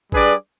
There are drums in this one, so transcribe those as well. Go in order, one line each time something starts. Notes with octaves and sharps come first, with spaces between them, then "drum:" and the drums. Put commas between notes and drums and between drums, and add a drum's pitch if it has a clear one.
G3 D4 G#4 B4 D5, drum: kick G#1